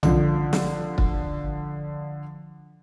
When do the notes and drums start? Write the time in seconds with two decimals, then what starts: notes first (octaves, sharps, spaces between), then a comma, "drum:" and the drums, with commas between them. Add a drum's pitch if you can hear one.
0.03 D3 F3, drum: tom
0.53 drum: snare
0.98 drum: kick